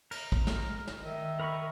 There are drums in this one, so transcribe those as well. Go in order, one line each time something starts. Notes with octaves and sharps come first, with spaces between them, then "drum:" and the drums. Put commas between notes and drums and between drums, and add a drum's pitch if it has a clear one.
A#4, drum: cymbal
drum: kick
drum: snare
drum: snare
D#3 D#5 E5
A#4 B5 C#6